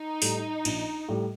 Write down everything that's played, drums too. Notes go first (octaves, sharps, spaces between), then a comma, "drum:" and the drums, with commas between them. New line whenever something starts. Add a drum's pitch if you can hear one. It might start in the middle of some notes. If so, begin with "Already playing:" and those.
Already playing: D#4
A2 G3, drum: open hi-hat
A#1, drum: cymbal
A2 G3